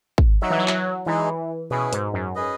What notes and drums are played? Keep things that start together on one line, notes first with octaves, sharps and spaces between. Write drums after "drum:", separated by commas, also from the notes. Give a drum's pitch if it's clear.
drum: kick
F#3 D#4 F#4 C#5 E5
E3
F#3
drum: clap
E3 G#3 D#4 G#4
B2 C#4 E4 G#4 B4
G#2, drum: hi-hat
F#2
C#4 G#4 B4 D#5